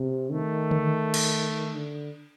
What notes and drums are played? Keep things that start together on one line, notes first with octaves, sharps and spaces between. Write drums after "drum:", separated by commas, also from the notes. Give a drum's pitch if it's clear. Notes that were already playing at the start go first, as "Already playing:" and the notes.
Already playing: C3
D#3 A3
drum: tom D3
drum: cymbal
D3